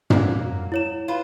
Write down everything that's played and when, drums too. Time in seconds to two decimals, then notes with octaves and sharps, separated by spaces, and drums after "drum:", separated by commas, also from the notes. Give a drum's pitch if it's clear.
0.10 F#3 A#3, drum: tom
0.72 E4 C#5 E7
1.08 F4 B4